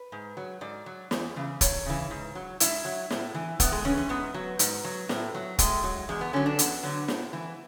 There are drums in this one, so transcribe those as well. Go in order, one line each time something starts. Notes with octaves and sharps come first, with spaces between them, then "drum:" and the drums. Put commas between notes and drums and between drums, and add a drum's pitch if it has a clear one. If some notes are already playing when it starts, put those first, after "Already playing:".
Already playing: B4
G#2
F#3
G#2 D5
F#3
E2, drum: snare
C#3 E3
E2 C#5, drum: kick, hi-hat
C#3 E3
G#2
F#3
G#2 E4, drum: hi-hat
F#3
A2, drum: snare
E3
A2 B3, drum: kick, hi-hat
G#3
E3 C#4
C#4
G#2 B3
F#3
G#2, drum: hi-hat
F#3
A2, drum: snare
F#3
A2 G#3, drum: kick, hi-hat
F#3
E2 G#3
B3
D3 F#3 C#4
D4
E2 B3, drum: hi-hat
D3 F#3
A2, drum: snare
E3